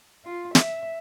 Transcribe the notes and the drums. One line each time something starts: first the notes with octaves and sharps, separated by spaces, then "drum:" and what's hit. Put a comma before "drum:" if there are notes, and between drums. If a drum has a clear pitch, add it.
F4
E5, drum: snare